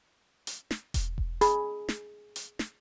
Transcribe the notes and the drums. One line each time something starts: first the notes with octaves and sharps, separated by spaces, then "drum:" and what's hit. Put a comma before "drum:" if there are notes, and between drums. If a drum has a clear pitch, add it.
drum: hi-hat
drum: snare
drum: kick E1, hi-hat
drum: kick E1
G#4 B5, drum: hi-hat
drum: snare
drum: hi-hat
drum: snare